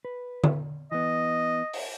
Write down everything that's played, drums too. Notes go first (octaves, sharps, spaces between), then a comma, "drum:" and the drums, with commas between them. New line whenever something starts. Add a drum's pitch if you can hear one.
B4
drum: tom D3
E3 B3 D#5
drum: open hi-hat